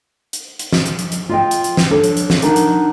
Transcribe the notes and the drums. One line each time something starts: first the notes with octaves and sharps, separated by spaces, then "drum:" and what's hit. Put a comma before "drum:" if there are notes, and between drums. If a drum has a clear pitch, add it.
drum: hi-hat
drum: hi-hat
drum: snare
drum: hi-hat
drum: hi-hat
drum: hi-hat
F4 D#5 G5
drum: hi-hat
drum: hi-hat
drum: snare
D4 A4 C#5
drum: hi-hat
drum: hi-hat
drum: snare
D4 D#4 A#4 F#5, drum: hi-hat
drum: hi-hat